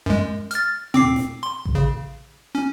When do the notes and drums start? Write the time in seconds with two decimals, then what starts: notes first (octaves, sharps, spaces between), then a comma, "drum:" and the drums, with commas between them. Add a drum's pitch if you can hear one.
0.06 F#2 G#3
0.51 F6 A6, drum: hi-hat
0.94 C4 D6 C7, drum: tom A#2
1.16 drum: snare
1.43 C6
1.65 drum: kick A1
1.75 C#3
2.55 C#4